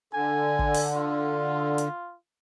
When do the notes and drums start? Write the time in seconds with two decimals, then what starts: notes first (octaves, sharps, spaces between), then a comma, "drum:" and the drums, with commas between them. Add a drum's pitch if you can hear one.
0.13 D3 G#5
0.59 drum: kick
0.74 drum: open hi-hat
0.95 F4
1.78 drum: hi-hat